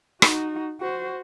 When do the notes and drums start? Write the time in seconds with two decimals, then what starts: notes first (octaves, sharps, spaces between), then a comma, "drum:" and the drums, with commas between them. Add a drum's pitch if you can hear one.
0.22 D#4 F#4, drum: rim click
0.81 F#4 C5